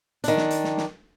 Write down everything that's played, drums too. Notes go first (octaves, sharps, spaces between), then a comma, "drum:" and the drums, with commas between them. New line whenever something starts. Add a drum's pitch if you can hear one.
D#3 D4, drum: hi-hat
drum: snare
drum: hi-hat
drum: snare
drum: snare